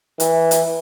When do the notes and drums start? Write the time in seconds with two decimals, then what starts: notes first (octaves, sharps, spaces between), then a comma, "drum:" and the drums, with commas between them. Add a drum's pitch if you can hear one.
0.20 E3, drum: hi-hat
0.51 drum: hi-hat